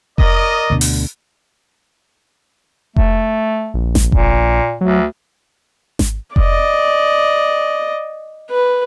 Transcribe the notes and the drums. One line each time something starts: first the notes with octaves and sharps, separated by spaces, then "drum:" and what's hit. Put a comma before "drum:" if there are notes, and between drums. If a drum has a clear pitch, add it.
A#4 D5 D#5, drum: kick F1
D2 B2 D3
drum: open hi-hat
A3, drum: kick F1
A#1
drum: snare G#1
A#2, drum: kick F1
D2 F#3
drum: snare G#1
D5 D#5, drum: kick F1
B4